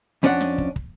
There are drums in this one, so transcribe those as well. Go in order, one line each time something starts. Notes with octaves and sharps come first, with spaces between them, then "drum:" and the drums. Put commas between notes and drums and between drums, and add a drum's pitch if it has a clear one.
F2 C#4 D4 A4 F#5, drum: hi-hat
drum: snare
drum: kick
drum: kick